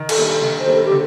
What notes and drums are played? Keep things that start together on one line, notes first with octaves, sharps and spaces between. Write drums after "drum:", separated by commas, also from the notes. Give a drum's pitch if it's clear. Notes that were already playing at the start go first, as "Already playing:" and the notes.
Already playing: D#3
A4, drum: cymbal
G3 A#3 D4
D#3 A4
C5
G3 A#3 D4
A4
G4
D3